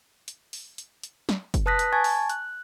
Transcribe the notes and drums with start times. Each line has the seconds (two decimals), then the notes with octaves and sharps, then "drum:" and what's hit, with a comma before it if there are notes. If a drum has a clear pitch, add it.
0.28 drum: hi-hat
0.53 drum: open hi-hat
0.78 drum: hi-hat
1.03 drum: hi-hat
1.29 drum: snare
1.54 drum: kick, hi-hat
1.66 B4 A5 D#6 F#6 A#6 B6
1.79 drum: hi-hat
1.93 G#5 A5 C#6 G#6 A6
2.04 drum: open hi-hat
2.30 F#6, drum: hi-hat